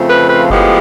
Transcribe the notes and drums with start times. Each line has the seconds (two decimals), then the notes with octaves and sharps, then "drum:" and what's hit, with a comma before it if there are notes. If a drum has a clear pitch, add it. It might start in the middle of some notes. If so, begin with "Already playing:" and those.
Already playing: F2 C#3 F3 A3
0.10 B4
0.29 B4
0.50 A2 F3 G#3 B3 G4, drum: kick F#1